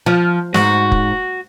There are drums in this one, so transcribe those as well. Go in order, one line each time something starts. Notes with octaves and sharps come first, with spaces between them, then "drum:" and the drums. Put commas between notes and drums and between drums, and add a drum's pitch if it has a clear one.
F3
G#2 F#4, drum: snare
drum: kick